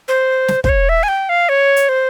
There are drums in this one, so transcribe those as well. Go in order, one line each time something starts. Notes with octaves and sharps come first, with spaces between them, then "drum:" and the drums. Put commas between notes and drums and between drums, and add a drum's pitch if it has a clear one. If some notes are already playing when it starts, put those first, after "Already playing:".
C5
drum: snare
C5, drum: kick
C#5
E5
G#5
G5
F5
C#5
drum: hi-hat
C5